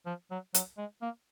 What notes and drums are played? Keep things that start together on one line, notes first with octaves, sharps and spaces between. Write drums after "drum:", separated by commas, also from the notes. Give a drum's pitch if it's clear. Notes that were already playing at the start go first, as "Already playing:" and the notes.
F3
F#3
F#3, drum: hi-hat
G#3
A#3